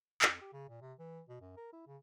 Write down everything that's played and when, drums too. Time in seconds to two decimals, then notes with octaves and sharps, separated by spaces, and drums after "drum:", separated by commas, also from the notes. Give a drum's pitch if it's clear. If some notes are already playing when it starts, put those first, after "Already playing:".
0.22 F2, drum: clap
0.41 G4
0.53 C#3
0.69 A#2
0.81 C3
0.99 E3
1.29 B2
1.41 F#2
1.57 A#4
1.73 E4
1.87 C#3